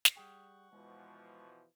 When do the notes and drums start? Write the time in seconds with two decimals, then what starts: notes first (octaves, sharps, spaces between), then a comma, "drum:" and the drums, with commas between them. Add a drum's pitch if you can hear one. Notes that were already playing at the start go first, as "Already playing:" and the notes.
0.05 drum: snare
0.16 G3 G#4 F#5 G5 C#6
0.73 B2 E3 F3 G#3